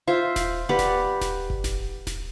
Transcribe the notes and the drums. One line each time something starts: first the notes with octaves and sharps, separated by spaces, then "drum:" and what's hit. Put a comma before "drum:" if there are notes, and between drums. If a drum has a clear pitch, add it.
F4 C5 E5
drum: snare D#1
G4 B4 D5 F#5
drum: snare D#1
drum: snare D#1
drum: kick G1
drum: snare D#1
drum: snare D#1